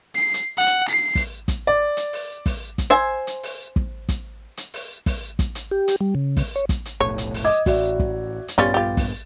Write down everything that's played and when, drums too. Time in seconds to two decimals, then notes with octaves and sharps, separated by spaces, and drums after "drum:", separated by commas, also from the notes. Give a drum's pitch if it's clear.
0.15 C7
0.34 drum: hi-hat
0.57 F#5
0.66 drum: hi-hat
0.89 C7
1.15 drum: kick, open hi-hat
1.48 drum: kick, hi-hat
1.67 D5
1.97 drum: hi-hat
2.13 drum: open hi-hat
2.46 drum: kick, open hi-hat
2.78 drum: kick, hi-hat
2.90 C5 E5 G#5
3.27 drum: hi-hat
3.43 drum: open hi-hat
3.76 drum: kick
4.09 drum: kick, hi-hat
4.57 drum: hi-hat
4.74 drum: open hi-hat
5.06 drum: kick, open hi-hat
5.39 drum: kick, hi-hat
5.55 drum: hi-hat
5.71 G4
5.88 drum: hi-hat
6.01 G3
6.15 C#3
6.37 drum: kick, open hi-hat
6.56 C#5
6.69 drum: kick, hi-hat
6.85 drum: hi-hat
7.00 F1 B1 A2 C#5
7.18 drum: hi-hat
7.34 drum: open hi-hat
7.45 D#5 D6 G#6
7.66 A1 F#4 D5 E5, drum: kick, open hi-hat
7.99 drum: kick
8.48 drum: hi-hat
8.58 A#1 G2 G3 B3 C#4 F4 A6
8.74 F4 G4
8.97 drum: kick, open hi-hat